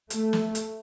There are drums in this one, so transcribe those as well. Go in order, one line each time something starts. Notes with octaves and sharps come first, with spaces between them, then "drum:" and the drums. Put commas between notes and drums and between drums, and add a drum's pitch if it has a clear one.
A3, drum: hi-hat
drum: snare
drum: hi-hat